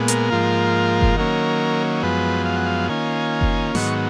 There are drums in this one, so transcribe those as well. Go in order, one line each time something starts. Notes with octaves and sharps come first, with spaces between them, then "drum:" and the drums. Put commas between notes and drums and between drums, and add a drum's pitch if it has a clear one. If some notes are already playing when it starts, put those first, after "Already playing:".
Already playing: A#2 G#3 B3
A#4, drum: hi-hat
G#2 F3 A#3 F4
drum: kick F#1
D#3 F#3 A#3 C#4
F#2 F3 G#3 B3 B4
F5
F#5
F5
D#3 A#3 C#4 F4 G#5
drum: kick F#1
G#2 D#3 F#3 B3 C#6, drum: snare